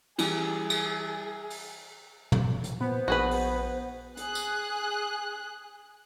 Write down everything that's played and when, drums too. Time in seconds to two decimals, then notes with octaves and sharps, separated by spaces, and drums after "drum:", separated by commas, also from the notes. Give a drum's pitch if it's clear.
0.18 E3 G3 G#4, drum: cymbal
0.70 drum: cymbal
1.50 drum: open hi-hat
2.32 drum: tom
2.64 drum: hi-hat
2.81 A#2 B3 C5
3.08 A#1 F#4 G#4 B4
3.31 drum: open hi-hat
4.17 G#4 F#6, drum: hi-hat
4.35 drum: tambourine